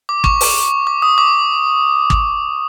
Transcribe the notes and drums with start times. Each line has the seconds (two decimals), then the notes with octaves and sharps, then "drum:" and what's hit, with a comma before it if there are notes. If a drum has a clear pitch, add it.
0.09 D6
0.24 C#6, drum: kick
0.41 drum: open hi-hat
0.87 D6
1.02 D#6
1.18 D6
2.10 drum: kick